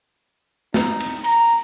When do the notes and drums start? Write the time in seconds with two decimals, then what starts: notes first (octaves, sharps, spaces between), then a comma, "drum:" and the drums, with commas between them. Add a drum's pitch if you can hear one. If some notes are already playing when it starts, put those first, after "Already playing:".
0.74 D#4, drum: snare
1.00 drum: cymbal
1.24 A#5, drum: cymbal